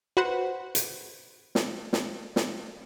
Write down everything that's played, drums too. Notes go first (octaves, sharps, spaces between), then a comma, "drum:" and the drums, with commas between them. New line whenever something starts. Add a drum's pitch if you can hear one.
F#4 B4 C5 F#5
drum: hi-hat
drum: snare
drum: snare
drum: snare